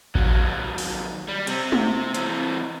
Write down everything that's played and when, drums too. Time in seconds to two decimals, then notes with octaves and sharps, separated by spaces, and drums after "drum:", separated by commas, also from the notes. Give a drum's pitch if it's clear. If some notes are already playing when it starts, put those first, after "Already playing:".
0.15 D#2 F#3, drum: kick A1
0.78 drum: open hi-hat
1.28 G3
1.47 C3 C4, drum: cymbal
1.72 drum: tom G#3
2.14 E3 C4, drum: hi-hat